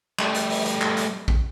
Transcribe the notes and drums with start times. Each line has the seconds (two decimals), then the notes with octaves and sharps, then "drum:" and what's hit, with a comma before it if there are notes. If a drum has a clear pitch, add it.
0.19 G3 A3, drum: clap
0.34 drum: hi-hat
0.50 drum: open hi-hat
0.66 drum: hi-hat
0.81 drum: clap
0.97 drum: hi-hat
1.28 drum: kick A#1